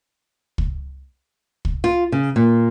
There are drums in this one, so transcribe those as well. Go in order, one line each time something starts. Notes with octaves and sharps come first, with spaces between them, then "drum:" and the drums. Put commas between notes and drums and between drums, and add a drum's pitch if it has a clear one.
drum: kick
drum: kick
F4
C#3
A#2